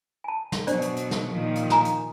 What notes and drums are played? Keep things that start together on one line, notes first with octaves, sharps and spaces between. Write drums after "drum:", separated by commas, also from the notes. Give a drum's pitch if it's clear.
G#5 A5
drum: snare
B2 F#3 D4 C5 D5, drum: hi-hat
drum: hi-hat
drum: hi-hat
drum: snare
A#2 D#3 F3
drum: hi-hat
G#5 A#5 D#6, drum: snare
drum: hi-hat